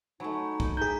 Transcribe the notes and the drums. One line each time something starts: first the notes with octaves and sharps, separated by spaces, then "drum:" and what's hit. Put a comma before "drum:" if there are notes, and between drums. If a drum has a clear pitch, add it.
F#3 A3 D#4 G#5 B5 C#6
drum: kick
E4 G4 G#4 A#5 G6 B6